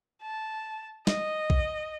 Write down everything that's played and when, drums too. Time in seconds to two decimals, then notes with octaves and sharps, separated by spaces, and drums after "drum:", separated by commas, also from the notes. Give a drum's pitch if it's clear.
0.23 A5
1.07 D#5, drum: snare
1.50 drum: kick B1